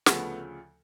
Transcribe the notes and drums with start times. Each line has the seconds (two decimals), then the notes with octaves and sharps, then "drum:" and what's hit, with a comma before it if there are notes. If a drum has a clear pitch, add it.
0.06 D2 C#3 F3 A3 B3, drum: snare